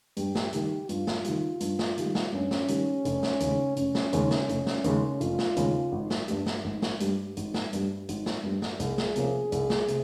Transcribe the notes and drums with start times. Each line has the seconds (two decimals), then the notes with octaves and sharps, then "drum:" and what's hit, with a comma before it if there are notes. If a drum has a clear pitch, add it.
0.17 G2 G4, drum: hi-hat
0.35 drum: snare
0.53 D#3 G3 G4, drum: hi-hat
0.89 G2 F4, drum: hi-hat
1.07 drum: snare
1.24 D#3 G3, drum: hi-hat
1.60 G2, drum: hi-hat
1.79 drum: snare
1.98 D#3 G3, drum: hi-hat
2.15 drum: snare
2.32 G2 C#4
2.51 drum: snare
2.68 D#3 G3, drum: hi-hat
3.05 F1, drum: hi-hat
3.23 drum: snare
3.40 D#2 C#3 G#3, drum: hi-hat
3.77 F1 C#4, drum: hi-hat
3.95 drum: snare
4.13 D#2 C#3 G#3, drum: hi-hat
4.31 drum: snare
4.49 F1, drum: hi-hat
4.67 drum: snare
4.84 D#2 C#3 G#3, drum: hi-hat
5.21 F1 F4, drum: hi-hat
5.38 drum: snare
5.57 D#2 C#3 G#3, drum: hi-hat
5.92 G#1
6.10 drum: snare
6.28 G2 G3, drum: hi-hat
6.46 drum: snare
6.64 G#1
6.82 drum: snare
7.00 G2 G3, drum: hi-hat
7.37 G#1, drum: hi-hat
7.54 drum: snare
7.73 G2 G3, drum: hi-hat
8.09 G#1, drum: hi-hat
8.26 drum: snare
8.43 G2 G3
8.62 drum: snare
8.80 C2 G#4, drum: hi-hat
8.98 drum: snare
9.16 C3 F3 A#3 C#4, drum: hi-hat
9.52 C2, drum: hi-hat
9.70 drum: snare
9.88 C3, drum: hi-hat